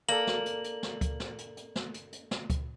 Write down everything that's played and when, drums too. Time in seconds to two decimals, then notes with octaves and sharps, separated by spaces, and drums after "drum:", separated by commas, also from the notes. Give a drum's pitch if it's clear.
0.09 A#3 A4 D5 A#5 F#7
0.27 drum: snare
0.46 drum: hi-hat
0.64 drum: hi-hat
0.83 drum: snare
1.01 drum: kick C#2, hi-hat
1.20 drum: snare
1.38 drum: hi-hat
1.57 drum: hi-hat
1.75 drum: snare
1.94 drum: hi-hat
2.13 drum: hi-hat
2.31 drum: snare
2.50 drum: kick C#2, hi-hat